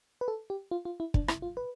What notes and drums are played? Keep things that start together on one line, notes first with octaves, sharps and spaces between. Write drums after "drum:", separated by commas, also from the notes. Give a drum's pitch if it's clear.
B4
A4
G4
F4
F4
E4
D4, drum: kick
E4, drum: rim click
F4
B4